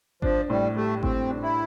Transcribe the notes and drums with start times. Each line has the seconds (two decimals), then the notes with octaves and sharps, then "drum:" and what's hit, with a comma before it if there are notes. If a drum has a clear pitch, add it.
0.22 F3 D4, drum: kick G#1
0.49 A2 G3
0.76 G3 A3
1.03 A2 C4, drum: kick G#1
1.30 D4
1.43 E4